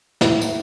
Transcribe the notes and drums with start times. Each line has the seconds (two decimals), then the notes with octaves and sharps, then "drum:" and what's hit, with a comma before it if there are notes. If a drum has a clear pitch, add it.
0.21 A2, drum: snare
0.42 drum: tambourine